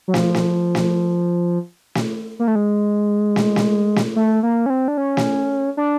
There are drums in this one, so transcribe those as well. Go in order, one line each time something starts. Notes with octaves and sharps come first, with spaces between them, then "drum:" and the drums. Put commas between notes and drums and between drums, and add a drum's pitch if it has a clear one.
F#3
F3, drum: snare
drum: snare
drum: snare
drum: snare
A#3
A3
G#3
drum: snare
drum: snare
drum: snare
A3
A#3
C#4
C4
D4
C#4
drum: snare
D4